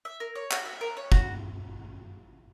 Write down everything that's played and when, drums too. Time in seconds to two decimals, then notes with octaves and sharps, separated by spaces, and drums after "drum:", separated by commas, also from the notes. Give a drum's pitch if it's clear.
0.05 E5
0.20 A#4
0.35 C#5
0.51 F#4, drum: clap
0.65 E5
0.81 A#4
0.97 C#5
1.12 F#4, drum: kick